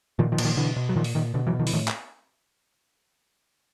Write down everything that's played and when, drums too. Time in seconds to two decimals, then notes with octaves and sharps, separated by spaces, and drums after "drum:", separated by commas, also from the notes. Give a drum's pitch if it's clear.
0.19 A#2 D#3 F3
0.32 D#3 F3
0.38 A#2, drum: cymbal
0.45 D#3 F3
0.57 B2 D3 E3
0.76 B2
0.89 F#3
0.95 A#2 D#3 F3
1.04 drum: open hi-hat
1.15 A#2 D#3
1.34 B2 D3
1.47 E3 F#3
1.53 B2
1.59 D#3 F3
1.67 E3, drum: open hi-hat
1.73 A2 D#3 F3
1.88 drum: clap